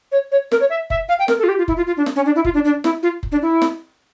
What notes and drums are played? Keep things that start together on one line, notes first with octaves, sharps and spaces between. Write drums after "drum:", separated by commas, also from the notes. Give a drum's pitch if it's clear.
C#5
C#5
A#4, drum: snare
C#5
E5
E5, drum: kick F#1
F5
G5
A#4, drum: snare
A4
F4
G4
F4
E4, drum: kick F#1
F4
F4
D4
drum: snare
C#4
D4
E4
F4, drum: kick F#1
D4
D4
E4, drum: snare
F4
drum: kick F#1
D4
E4
drum: snare